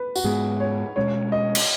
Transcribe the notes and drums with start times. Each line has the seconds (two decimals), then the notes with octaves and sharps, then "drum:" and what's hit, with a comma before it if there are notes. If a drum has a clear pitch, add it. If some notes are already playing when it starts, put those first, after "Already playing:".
Already playing: B4
0.16 F#4, drum: tambourine
0.24 G#2 G#3 B3 G#4
0.60 C#5
0.96 B2 G#3 C#4 C#5
1.32 D#5
1.55 drum: cymbal